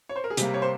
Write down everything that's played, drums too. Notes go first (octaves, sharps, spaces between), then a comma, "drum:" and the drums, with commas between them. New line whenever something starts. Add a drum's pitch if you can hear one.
C#5
C5
A#4
G#4
C3 G3 A#3 G4, drum: hi-hat
C#5
C5